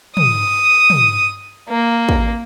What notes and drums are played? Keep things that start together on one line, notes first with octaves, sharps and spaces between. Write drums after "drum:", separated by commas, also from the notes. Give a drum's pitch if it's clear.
D#6, drum: tom
drum: tom
A#3
drum: kick